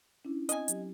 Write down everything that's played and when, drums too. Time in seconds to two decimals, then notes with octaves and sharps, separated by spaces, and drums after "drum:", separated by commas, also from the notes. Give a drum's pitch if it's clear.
0.25 C#4 D4 E4
0.49 C4 D#5 G#5, drum: hi-hat
0.68 F#3 G4, drum: hi-hat